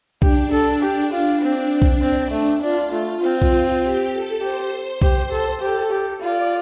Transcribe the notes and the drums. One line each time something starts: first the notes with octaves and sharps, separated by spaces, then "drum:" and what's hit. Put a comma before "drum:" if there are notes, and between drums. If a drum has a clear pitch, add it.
D4 G4, drum: kick B1
A4
G4
F4
C4 D4
drum: kick B1
C4
A3
D4 F4
A3
C4
drum: kick B1
G4
A4
G4 C5
G4, drum: kick B1
A4
G4 A4
G4
F4 D5